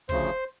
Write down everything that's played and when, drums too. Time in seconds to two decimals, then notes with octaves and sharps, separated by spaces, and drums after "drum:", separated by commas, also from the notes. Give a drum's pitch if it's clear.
0.09 D2 C#3 F3 C5, drum: kick, hi-hat